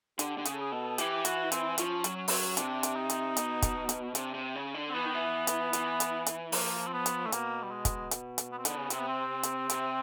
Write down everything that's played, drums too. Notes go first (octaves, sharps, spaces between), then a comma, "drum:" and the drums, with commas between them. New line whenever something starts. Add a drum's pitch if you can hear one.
D3 G4, drum: hi-hat
D3
C#3 G#4, drum: hi-hat
A4
G#4
B2 A4
E3 G4, drum: hi-hat
F#4, drum: hi-hat
C4, drum: hi-hat
F3 C#4, drum: hi-hat
F#3, drum: hi-hat
C#4
F#3 C4, drum: open hi-hat
C#4
C3 D4, drum: hi-hat
drum: hi-hat
D#4
drum: hi-hat
B2, drum: hi-hat
drum: kick, hi-hat
drum: hi-hat
C3 D4, drum: hi-hat
C3
C#3
D3
C4
E3 B3
D#3
E3
drum: hi-hat
E3, drum: hi-hat
drum: hi-hat
drum: hi-hat
F3 A#3, drum: open hi-hat
C4
B3
drum: hi-hat
A3
B2 A#3, drum: hi-hat
G3
G#3
drum: kick, hi-hat
drum: hi-hat
drum: hi-hat
B3
C4
D3 B3, drum: hi-hat
C#3
C3 C4, drum: hi-hat
B3
C4
drum: hi-hat
C3, drum: hi-hat